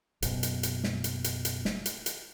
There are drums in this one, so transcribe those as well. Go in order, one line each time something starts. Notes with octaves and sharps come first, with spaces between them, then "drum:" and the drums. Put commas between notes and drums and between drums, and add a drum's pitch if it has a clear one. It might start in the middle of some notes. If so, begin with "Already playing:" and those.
F#1 B2, drum: hi-hat
drum: hi-hat
drum: hi-hat
drum: snare
drum: hi-hat
drum: hi-hat
drum: hi-hat
drum: snare
drum: hi-hat
drum: hi-hat